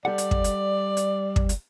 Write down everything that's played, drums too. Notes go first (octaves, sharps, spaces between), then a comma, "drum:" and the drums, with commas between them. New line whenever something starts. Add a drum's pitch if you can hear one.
G3 A4 D5 F#5
drum: hi-hat
drum: kick
drum: hi-hat
drum: hi-hat
drum: kick
drum: hi-hat